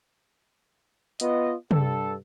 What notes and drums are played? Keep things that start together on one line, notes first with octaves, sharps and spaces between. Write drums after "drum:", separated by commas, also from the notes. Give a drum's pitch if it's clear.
B3 F4 D#5, drum: hi-hat
G2 A4, drum: tom